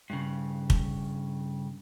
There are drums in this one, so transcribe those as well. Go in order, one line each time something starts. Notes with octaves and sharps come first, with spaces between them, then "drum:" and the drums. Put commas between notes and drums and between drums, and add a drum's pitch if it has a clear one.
G2 C#3
drum: kick